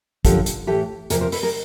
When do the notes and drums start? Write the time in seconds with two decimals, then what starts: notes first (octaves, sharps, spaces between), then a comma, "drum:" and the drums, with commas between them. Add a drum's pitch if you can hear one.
0.25 F#2 D3 F3 G4 A4, drum: kick, hi-hat
0.46 drum: hi-hat
0.67 A2 E3 G4 A4
1.10 E2 C3 F3 G#4 A#4, drum: hi-hat
1.21 A#4 C5
1.32 A4 B4, drum: open hi-hat
1.43 G#4 A#4